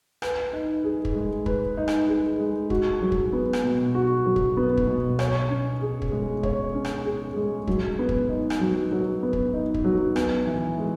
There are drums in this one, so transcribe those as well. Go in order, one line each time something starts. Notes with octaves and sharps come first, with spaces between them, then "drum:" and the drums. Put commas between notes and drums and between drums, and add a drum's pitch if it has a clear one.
B4, drum: rim click
D#4
G#4
drum: kick
G#3
B4, drum: kick
D#4
drum: rim click
G#4
G#3
F#4, drum: kick
F#3
drum: kick
B3
drum: rim click
B2
F#4
F#3
drum: kick
B3
drum: kick
B2
C#5, drum: rim click
C#4
G#4
drum: kick
G#3
C#5, drum: kick
C#4
drum: rim click
G#4
G#3
F#3, drum: kick
B3
drum: kick
D#4
drum: rim click
F#3
F#3
B3
drum: kick
D#4
drum: kick
F#3
B3, drum: rim click
E3
G#3